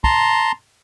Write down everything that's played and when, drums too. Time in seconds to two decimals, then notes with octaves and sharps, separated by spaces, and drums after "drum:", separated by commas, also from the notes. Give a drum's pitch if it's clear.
0.04 A5 A#5 C6, drum: kick